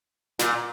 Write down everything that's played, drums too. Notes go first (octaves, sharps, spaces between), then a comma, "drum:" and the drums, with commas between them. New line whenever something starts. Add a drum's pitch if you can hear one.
A#2, drum: snare